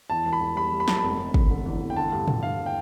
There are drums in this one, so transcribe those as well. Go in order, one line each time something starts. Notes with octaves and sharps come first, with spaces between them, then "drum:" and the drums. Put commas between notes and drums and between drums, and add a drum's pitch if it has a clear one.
E2 A5
E1
B5
E2
G3 B5
G3
B5
E1 A5, drum: snare
B5
F1
F1
F1, drum: kick
D3
E2
E2
G5
D3 A5
G2
G2, drum: tom A2
G2 F5
G5